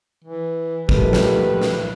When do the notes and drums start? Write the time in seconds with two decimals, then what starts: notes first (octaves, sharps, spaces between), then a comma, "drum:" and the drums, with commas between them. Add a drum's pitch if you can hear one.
0.24 E3
0.89 C2 A#2 D#3 F3 A3 G4 B4, drum: kick
1.13 drum: snare
1.62 drum: snare